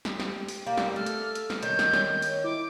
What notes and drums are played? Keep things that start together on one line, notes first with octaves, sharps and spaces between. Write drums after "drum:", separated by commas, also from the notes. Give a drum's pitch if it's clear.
G4, drum: snare
drum: snare
drum: open hi-hat
G3 A#3
drum: snare
A3 A4 F6
drum: hi-hat
drum: hi-hat
drum: snare
D#3 C#5 G6, drum: hi-hat
drum: snare
drum: snare
drum: open hi-hat
E4 D6